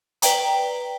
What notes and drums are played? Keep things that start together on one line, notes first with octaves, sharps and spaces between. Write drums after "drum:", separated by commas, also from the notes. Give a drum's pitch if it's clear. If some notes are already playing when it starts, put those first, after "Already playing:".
B4 D5 G5 A#5, drum: hi-hat